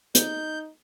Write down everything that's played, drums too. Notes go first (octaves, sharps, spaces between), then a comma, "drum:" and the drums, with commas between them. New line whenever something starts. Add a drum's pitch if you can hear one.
D#4 G6, drum: hi-hat